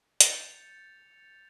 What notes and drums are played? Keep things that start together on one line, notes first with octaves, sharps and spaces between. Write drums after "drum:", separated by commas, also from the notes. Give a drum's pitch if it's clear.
G6 A6 C#7 F7, drum: hi-hat